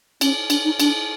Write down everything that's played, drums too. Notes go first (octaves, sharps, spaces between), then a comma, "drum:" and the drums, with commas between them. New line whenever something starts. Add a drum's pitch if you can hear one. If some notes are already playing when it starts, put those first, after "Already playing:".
C#4, drum: cymbal
D4, drum: cymbal
D#4
D4, drum: cymbal